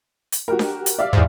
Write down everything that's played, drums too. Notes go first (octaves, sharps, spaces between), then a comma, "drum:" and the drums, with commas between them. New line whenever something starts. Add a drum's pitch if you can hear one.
drum: hi-hat
F#4 G4 A#4
drum: snare D4
drum: hi-hat
D5 E5 F5
E2 G#2